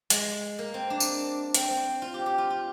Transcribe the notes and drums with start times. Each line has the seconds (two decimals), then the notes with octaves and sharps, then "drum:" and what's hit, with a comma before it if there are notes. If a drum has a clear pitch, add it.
0.10 G#3, drum: hi-hat
0.59 A#3
0.74 C4
0.90 D4
1.00 drum: tambourine
1.54 C4, drum: hi-hat
1.70 C4
2.02 F4
2.14 G4
2.26 G4
2.38 F4
2.50 F4